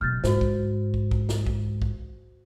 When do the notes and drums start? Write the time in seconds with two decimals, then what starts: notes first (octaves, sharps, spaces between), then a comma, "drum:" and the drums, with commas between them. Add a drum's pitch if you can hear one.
0.01 F#2 B2 F6 G6 A6
0.24 G#2 F#4 C5, drum: snare
0.41 drum: kick
0.94 drum: kick
1.11 drum: kick
1.29 drum: snare
1.46 drum: kick
1.82 drum: kick